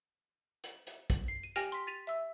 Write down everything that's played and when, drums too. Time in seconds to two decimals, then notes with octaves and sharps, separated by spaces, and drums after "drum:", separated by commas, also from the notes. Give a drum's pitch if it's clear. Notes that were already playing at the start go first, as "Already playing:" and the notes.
0.64 drum: hi-hat
0.87 drum: hi-hat
1.10 drum: kick, hi-hat
1.28 C7
1.43 D#7
1.56 G4 G5 G#5 F6 A#6 F7, drum: hi-hat
1.72 C6 B6
1.87 A6 B6 D#7 F7
2.07 E5 E6